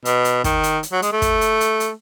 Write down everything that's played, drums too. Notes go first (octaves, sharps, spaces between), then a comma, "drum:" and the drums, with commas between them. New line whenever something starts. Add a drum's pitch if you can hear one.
B2, drum: hi-hat
drum: hi-hat
D#3, drum: kick, hi-hat
drum: hi-hat
drum: hi-hat
F#3
G#3, drum: hi-hat
A3
drum: kick, hi-hat
drum: hi-hat
drum: hi-hat
drum: hi-hat